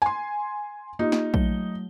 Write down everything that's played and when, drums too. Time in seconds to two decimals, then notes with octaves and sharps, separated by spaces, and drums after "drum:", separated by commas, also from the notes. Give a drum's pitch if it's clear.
0.02 G#5 C6
0.99 A#3 D#4 F4 G4
1.12 drum: snare
1.34 F#3 A3 G7, drum: kick